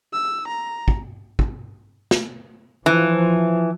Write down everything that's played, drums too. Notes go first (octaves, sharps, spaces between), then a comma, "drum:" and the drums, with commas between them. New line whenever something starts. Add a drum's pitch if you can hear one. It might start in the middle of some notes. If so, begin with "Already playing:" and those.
E6
A#5
drum: kick
drum: kick
drum: snare
E3 F3